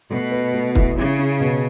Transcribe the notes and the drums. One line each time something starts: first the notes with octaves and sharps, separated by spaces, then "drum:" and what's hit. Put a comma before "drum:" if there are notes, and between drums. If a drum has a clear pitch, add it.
B2 A3
B4
A3
E4, drum: kick
C#3 E4
C#4
B2